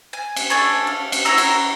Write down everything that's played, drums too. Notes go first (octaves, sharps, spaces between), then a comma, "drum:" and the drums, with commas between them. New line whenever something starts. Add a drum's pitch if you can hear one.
G#5
drum: cymbal
A3 D4 G#5 C#6
F5
drum: cymbal
E4 F#4 A#5 E6
drum: cymbal